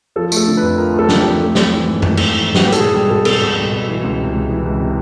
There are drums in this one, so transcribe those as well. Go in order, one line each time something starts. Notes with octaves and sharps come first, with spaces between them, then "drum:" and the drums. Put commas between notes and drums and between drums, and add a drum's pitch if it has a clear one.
F3 A4
A3 A4, drum: tambourine
D3
B4
F2
F3 A#4
A3 A4
D3, drum: snare
G4
F2
A3
C4, drum: snare
E3
G#2
A3, drum: tom F#2
C4, drum: cymbal
E3
G#2
F#4, drum: snare
B3 G4
A4, drum: hi-hat
B2 G#4
G3 G#4
B2 A4
B3 A4, drum: cymbal
B2
G3
B2
E3
C#2
C3
C#2
E3
C#2
C3